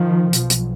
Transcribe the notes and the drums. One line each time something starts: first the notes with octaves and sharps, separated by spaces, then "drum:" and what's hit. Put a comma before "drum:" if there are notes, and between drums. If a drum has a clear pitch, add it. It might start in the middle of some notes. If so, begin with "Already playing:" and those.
Already playing: D#3 F3
B1 B2, drum: hi-hat
drum: hi-hat